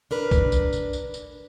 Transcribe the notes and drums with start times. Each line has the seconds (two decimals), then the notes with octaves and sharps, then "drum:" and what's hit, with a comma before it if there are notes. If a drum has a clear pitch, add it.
0.11 D4 A#4 B4
0.31 drum: kick, tambourine
0.52 drum: tambourine
0.73 drum: tambourine
0.93 drum: tambourine
1.14 drum: tambourine